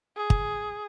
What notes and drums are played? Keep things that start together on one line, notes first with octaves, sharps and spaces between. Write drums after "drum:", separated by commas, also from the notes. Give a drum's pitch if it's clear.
G#4
drum: kick